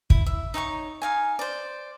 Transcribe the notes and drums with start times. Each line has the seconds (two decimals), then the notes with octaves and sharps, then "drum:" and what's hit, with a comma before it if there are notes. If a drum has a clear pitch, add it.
0.10 E4, drum: kick
0.26 E5
0.54 D#4 C#5 G5 C#6
1.02 D#4 F5 G#5
1.39 C5 D5